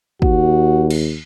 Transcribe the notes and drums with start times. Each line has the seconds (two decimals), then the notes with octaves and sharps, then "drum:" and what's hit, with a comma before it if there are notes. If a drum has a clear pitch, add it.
0.22 D#2 F#4, drum: kick
0.90 drum: cymbal